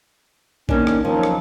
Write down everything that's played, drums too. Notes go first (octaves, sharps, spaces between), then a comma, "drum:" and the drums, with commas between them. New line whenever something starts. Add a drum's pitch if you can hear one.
D#3 A#3 C#4 D4, drum: kick
drum: rim click
D#3 F3 F#3 C#4
drum: rim click